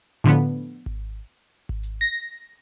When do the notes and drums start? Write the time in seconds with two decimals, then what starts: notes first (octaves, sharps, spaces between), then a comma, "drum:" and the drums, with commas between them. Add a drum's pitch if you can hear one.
0.24 A2 D3 F3 B3
0.86 drum: kick G#1
1.69 drum: kick G#1
1.83 drum: hi-hat
2.01 A#6